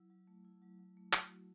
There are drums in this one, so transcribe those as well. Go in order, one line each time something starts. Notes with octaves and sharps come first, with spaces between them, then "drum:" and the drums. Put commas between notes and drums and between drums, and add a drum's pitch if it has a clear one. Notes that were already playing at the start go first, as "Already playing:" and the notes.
Already playing: F#3 E4
F#3
A3
E4
F#3
F#3
A3
E4 F#4, drum: clap
F#3